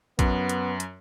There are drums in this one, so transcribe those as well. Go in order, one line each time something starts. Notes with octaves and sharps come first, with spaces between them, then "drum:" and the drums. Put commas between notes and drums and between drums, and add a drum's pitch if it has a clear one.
F#2 B3, drum: kick, hi-hat
drum: hi-hat
drum: hi-hat